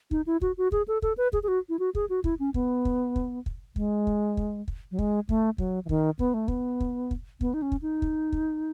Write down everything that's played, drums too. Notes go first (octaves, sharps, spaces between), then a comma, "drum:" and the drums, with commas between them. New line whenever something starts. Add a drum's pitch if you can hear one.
D#4, drum: kick
E4
F#4, drum: kick
F#4
G#4, drum: kick
A4
A4, drum: kick
B4
G#4, drum: kick
G#4
F#4
E4
F#4
G#4, drum: kick
F#4
E4, drum: kick
C#4
B3, drum: kick
drum: kick
drum: kick
drum: kick
G#3, drum: kick
drum: kick
drum: kick
drum: kick
F#3
G#3, drum: kick
A3, drum: kick
F#3, drum: kick
E3
D#3, drum: kick
B3, drum: kick
A3
B3, drum: kick
drum: kick
drum: kick
B3, drum: kick
D#4
C#4
drum: kick
D#4
drum: kick
drum: kick